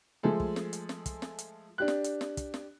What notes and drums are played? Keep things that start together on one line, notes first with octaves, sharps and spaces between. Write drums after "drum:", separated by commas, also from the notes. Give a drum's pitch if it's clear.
F3 G#3 A3 G#4 A4
drum: kick
drum: snare
drum: hi-hat
drum: snare
drum: kick, hi-hat
drum: snare
drum: hi-hat
D4 G4 F#6
drum: snare
drum: hi-hat
drum: snare
drum: kick, hi-hat
drum: snare